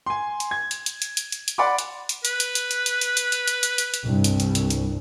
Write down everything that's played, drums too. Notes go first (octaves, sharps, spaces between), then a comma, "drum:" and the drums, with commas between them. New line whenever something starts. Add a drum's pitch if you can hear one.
G#5 C6
drum: hi-hat
G#6
drum: hi-hat
drum: hi-hat
drum: hi-hat
drum: hi-hat
drum: hi-hat
drum: hi-hat
D5 F#5 B5 C6 D6
drum: hi-hat
drum: hi-hat
B4, drum: hi-hat
drum: hi-hat
drum: hi-hat
drum: hi-hat
drum: hi-hat
drum: hi-hat
drum: hi-hat
drum: hi-hat
drum: hi-hat
drum: hi-hat
drum: hi-hat
drum: hi-hat
C2 G2
drum: hi-hat
drum: hi-hat
drum: hi-hat
drum: hi-hat